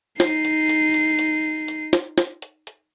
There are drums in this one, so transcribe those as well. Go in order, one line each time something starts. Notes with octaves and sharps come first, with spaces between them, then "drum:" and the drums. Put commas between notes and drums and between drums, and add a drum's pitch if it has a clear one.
D#4 C7, drum: snare
drum: hi-hat
drum: hi-hat
drum: hi-hat
drum: hi-hat
drum: hi-hat
drum: snare
drum: snare
drum: hi-hat
drum: hi-hat